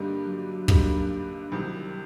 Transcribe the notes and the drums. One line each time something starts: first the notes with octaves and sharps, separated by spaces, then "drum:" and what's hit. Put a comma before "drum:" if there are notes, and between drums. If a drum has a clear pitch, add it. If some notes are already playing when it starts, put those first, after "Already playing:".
Already playing: G2 D3 G3 A#3 D#4
F#3
G2 D3 G3 A#3 D#4, drum: kick
C2 C3 D#3 F#3